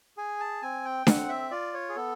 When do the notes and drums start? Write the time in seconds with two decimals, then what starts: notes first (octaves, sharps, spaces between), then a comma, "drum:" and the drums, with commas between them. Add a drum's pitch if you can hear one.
0.17 G#4 G#5
0.40 A5
0.62 C4 G#5
0.85 G5
1.07 C4 F#5, drum: snare D4
1.29 E5
1.51 F4 D5
1.74 C#5
1.89 G#4
1.96 B3 A4